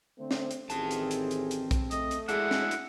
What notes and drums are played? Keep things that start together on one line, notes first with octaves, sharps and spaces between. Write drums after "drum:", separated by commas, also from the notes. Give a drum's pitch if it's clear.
D3 A3 C4 C5
drum: snare
drum: hi-hat
A1 D#3 C4 G#4 A5, drum: hi-hat
drum: hi-hat
drum: hi-hat
drum: hi-hat
drum: hi-hat
drum: kick, hi-hat
A3 D#5, drum: hi-hat
drum: hi-hat
G#3 D4 E4 F#4 G#4 F#5, drum: hi-hat
drum: snare
drum: hi-hat